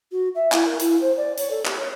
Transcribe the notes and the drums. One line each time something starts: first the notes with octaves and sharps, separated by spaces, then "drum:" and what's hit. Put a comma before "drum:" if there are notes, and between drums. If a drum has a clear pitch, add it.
F#4
E5
E4, drum: clap
A#4
E4, drum: hi-hat
C5
D5
C#5, drum: hi-hat
A4
G4, drum: clap
C#5